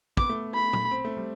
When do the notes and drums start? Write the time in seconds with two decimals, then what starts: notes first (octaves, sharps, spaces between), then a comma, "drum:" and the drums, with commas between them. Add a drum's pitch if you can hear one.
0.17 B3 D6, drum: kick
0.29 A3
0.55 B5
0.73 drum: tom
0.91 C4
1.05 A3
1.17 G3